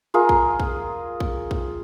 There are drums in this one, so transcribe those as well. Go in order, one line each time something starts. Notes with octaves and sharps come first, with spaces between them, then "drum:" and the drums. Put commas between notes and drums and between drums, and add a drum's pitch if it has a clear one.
F4 G#4 A#4
drum: kick A#1
drum: kick A#1
drum: kick A#1
drum: kick A#1